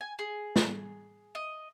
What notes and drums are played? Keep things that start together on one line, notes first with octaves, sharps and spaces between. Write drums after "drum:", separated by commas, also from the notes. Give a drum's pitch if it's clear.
G#5
G#4
drum: snare
D#5